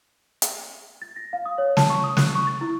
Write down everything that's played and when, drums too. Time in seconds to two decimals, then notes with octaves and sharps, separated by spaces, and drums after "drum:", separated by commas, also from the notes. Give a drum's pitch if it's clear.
0.42 drum: hi-hat
1.02 A6
1.16 A#6
1.33 F5
1.45 D#6
1.58 C#5
1.77 A5, drum: snare
1.90 C#6
2.04 D#6
2.17 F#6, drum: snare
2.35 C#6
2.47 A6
2.61 E4